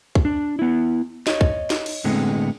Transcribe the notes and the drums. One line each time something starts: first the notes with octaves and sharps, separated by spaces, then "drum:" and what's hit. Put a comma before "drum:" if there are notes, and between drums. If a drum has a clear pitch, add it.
drum: kick
D4
B3 E4
C#5 D#5, drum: snare
drum: kick
drum: snare
drum: cymbal
A2 D3 G#3 B3 C4